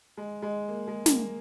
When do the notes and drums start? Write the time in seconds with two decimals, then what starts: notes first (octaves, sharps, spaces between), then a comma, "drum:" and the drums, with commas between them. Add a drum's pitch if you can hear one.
0.17 G#3
0.42 G#3
0.69 A#3
0.88 G#3
1.06 A#3, drum: snare